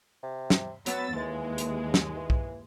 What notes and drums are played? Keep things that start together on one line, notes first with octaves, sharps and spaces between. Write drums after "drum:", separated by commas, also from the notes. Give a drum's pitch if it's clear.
C3
drum: snare
F#3 B3 E6 A6, drum: hi-hat
D#2 E3 G#3
drum: hi-hat
drum: snare
E3
drum: kick B1